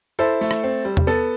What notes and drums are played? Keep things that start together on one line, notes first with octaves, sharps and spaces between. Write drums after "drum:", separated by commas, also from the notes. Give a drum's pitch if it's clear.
E4 A4 C5
A3
drum: rim click
C4
G3
drum: tom E2
B3 A4